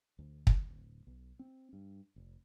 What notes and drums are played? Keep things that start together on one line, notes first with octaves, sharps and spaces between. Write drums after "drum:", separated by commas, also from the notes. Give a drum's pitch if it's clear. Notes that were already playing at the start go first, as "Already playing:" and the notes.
D2
drum: kick
D1
B1
C4
G2
F1